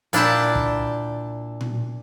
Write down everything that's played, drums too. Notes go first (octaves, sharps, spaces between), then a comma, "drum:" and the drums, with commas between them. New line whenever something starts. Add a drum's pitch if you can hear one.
A#2 D4 E4 G5 A5, drum: hi-hat
drum: kick
drum: tom A#2